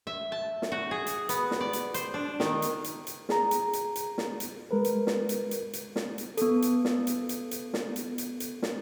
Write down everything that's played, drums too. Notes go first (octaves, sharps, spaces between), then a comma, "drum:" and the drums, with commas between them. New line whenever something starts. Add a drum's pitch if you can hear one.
E5
A5
drum: snare
F#4
G#4
drum: hi-hat
B3, drum: hi-hat
drum: snare
D5
drum: hi-hat
C5, drum: hi-hat
D4
D#3, drum: snare
drum: hi-hat
drum: hi-hat
drum: hi-hat
G#4 A#5, drum: snare
drum: hi-hat
drum: hi-hat
drum: hi-hat
drum: snare
drum: hi-hat
G#3 A#4 B4
drum: hi-hat
drum: snare
drum: hi-hat
drum: hi-hat
drum: hi-hat
drum: snare
drum: hi-hat
B3 A4, drum: hi-hat
drum: hi-hat
drum: snare
drum: hi-hat
drum: hi-hat
drum: hi-hat
drum: snare
drum: hi-hat
drum: hi-hat
drum: hi-hat
drum: snare